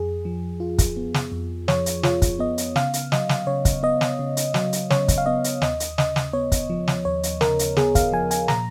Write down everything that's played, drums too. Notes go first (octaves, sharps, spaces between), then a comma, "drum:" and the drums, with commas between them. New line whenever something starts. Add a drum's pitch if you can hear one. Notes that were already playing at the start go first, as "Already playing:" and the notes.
Already playing: F2 G#4
F3
F4
drum: kick, hi-hat
B3
drum: snare
F2
F3 C#5, drum: snare
drum: hi-hat
F4 C#5, drum: snare
drum: kick, hi-hat
B3 D#5
drum: hi-hat
C#3 F5, drum: snare
drum: hi-hat
F#3 D#5, drum: snare
drum: snare
C#3 C#5
drum: kick, hi-hat
B3 D#5
drum: snare
C#3
drum: hi-hat
F#3, drum: snare
drum: hi-hat
C#3 C#5, drum: snare
drum: kick, hi-hat
F5
B3 D#5
drum: hi-hat
D#2 D#5, drum: snare
drum: hi-hat
C#3 D#5, drum: snare
drum: snare
B3 C#5
drum: kick, hi-hat
F3
drum: snare
D#2 C#5
drum: hi-hat
C#3 A#4, drum: snare
drum: hi-hat
B3 G#4, drum: snare
F5, drum: kick, hi-hat
F3 G#5
G#5, drum: hi-hat
A#2 A#5, drum: snare